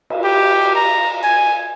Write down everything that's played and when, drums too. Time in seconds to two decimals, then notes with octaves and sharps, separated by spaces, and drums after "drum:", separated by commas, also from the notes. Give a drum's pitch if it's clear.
0.10 drum: cymbal
0.24 G4
0.75 A#5
1.23 G#5